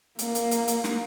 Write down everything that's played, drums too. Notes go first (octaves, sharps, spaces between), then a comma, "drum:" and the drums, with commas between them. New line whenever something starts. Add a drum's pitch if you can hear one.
A#3, drum: hi-hat
drum: hi-hat
drum: hi-hat
drum: hi-hat
drum: snare